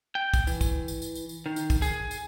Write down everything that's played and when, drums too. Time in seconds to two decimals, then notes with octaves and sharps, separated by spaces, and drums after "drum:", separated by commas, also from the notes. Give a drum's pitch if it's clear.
0.15 G5
0.34 drum: kick, tambourine
0.47 E3, drum: tambourine
0.61 drum: kick, tambourine
0.88 drum: tambourine
1.02 drum: tambourine
1.15 drum: tambourine
1.29 drum: tambourine
1.46 D#3
1.56 drum: tambourine
1.70 drum: kick, tambourine
1.82 G#4, drum: tambourine
2.11 drum: tambourine